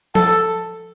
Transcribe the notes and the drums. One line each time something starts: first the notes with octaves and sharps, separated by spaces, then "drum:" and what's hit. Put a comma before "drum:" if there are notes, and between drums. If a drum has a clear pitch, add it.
A4, drum: tom F3